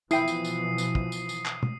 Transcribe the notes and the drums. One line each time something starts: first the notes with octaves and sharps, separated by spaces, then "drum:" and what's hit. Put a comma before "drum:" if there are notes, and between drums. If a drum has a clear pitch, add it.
B2 E3 F3 E4 G5 D#6 C7 D#7, drum: tambourine
drum: tambourine
drum: tambourine
drum: tambourine
drum: kick
drum: tambourine
drum: tambourine
drum: clap
drum: tom